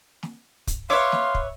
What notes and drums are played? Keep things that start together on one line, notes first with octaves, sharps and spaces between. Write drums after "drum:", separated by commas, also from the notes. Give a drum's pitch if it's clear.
drum: snare
drum: kick, hi-hat
B4 C#5 E5 F5 C6 D6
drum: snare
drum: kick